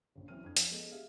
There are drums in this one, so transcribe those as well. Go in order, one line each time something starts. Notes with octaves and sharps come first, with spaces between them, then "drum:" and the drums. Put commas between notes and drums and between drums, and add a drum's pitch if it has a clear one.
A#1 C#3
E3 F#3 C4 C#4 F6 D#7
F2 D4 G#6
F3, drum: hi-hat
G#3 B3 A4 D#5
G4 G#4 E5 F5